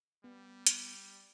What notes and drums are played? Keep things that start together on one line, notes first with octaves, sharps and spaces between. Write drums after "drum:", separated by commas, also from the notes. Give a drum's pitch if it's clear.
G3 B3
drum: hi-hat